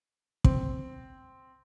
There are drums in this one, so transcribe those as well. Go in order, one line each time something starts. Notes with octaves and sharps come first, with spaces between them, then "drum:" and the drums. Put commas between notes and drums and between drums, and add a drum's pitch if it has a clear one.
C4, drum: kick